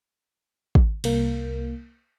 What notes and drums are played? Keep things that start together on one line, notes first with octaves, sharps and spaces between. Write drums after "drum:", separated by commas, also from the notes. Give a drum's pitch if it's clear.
drum: kick
C2 A#3, drum: cymbal